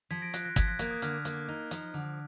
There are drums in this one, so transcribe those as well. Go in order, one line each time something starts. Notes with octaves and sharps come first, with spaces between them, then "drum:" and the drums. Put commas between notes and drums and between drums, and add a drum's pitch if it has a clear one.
F3 G#6 B6
A#6 D7
F4 F#6 A#6, drum: hi-hat
F#6 A#6
F3 G#6 B6, drum: kick, hi-hat
F#6 A#6
A#3 F#6, drum: hi-hat
D#6
D3 F6, drum: hi-hat
A#3, drum: hi-hat
D#4
F3, drum: hi-hat
D3